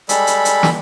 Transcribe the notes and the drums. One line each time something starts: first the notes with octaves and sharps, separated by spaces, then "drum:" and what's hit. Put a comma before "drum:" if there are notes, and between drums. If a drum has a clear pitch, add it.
G3 G#3 A4 B5, drum: hi-hat
drum: hi-hat
drum: hi-hat
drum: snare